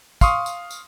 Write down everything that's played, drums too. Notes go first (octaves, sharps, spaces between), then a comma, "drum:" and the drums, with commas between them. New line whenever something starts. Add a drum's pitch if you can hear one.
F5 C6 C#6 D#6, drum: kick, tambourine
drum: tambourine
drum: tambourine